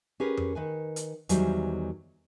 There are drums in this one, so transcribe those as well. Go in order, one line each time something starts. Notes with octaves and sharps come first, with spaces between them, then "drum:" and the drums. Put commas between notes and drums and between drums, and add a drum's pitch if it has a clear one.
C#4 G4 G#4 A#4 B4
drum: tom F2
D#3 B4 G#5
drum: hi-hat
E2 D#3 F#3 G3 C5 G#5, drum: hi-hat